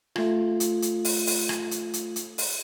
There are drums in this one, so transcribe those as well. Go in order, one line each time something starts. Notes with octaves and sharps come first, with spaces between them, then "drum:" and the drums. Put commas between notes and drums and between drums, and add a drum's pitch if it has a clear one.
A3 F4, drum: rim click
drum: hi-hat
drum: hi-hat
drum: open hi-hat
drum: open hi-hat
drum: rim click
drum: hi-hat
drum: hi-hat
drum: hi-hat
drum: open hi-hat